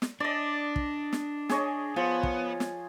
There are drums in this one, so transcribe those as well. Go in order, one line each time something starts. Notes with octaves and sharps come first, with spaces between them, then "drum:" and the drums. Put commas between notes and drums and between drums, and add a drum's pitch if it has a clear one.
drum: snare
D4 D5 D#5
drum: kick
drum: snare
G#4 C#5 D#5, drum: snare
F3 B3
drum: kick
drum: snare